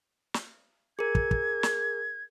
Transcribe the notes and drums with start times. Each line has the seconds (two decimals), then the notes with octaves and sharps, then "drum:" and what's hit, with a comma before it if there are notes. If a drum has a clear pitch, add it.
0.34 drum: snare
0.99 G#4 A#4 G#6
1.15 drum: kick
1.31 drum: kick
1.63 drum: snare